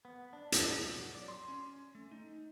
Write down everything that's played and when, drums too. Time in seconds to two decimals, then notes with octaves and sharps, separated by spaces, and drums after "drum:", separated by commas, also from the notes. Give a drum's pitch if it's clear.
0.05 B3
0.33 D4
0.52 B2, drum: hi-hat
0.82 F#2
0.96 F#3
1.15 D5
1.28 C6
1.48 C#4
1.95 A3
2.12 D#4